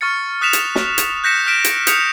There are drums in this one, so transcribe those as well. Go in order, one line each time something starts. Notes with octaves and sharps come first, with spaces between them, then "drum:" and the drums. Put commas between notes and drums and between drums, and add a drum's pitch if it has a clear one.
C#6 F6 A6 C#7
D#6 F#6 B6 E7 F7
drum: hi-hat
drum: snare
drum: hi-hat
F#6 G6 A#6 B6 C#7 E7
F6 F#6 B6 D7 E7
drum: hi-hat
D#6 G6 C#7 F7, drum: hi-hat